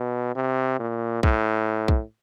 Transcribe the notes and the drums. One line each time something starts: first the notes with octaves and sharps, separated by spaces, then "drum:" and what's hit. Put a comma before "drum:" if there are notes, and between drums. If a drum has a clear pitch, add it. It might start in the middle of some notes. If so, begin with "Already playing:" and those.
Already playing: B2
C3
A#2
A2, drum: kick B1
drum: kick B1